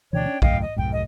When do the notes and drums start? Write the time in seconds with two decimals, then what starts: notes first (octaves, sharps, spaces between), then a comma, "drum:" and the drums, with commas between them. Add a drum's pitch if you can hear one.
0.13 D2 B2 E3 D4 C#5 G5
0.26 C#4
0.42 C#2 F#2 A2 D#5 F5 G5, drum: kick A#1
0.61 D#5
0.76 B1 F2 G#2 G5
0.92 D#5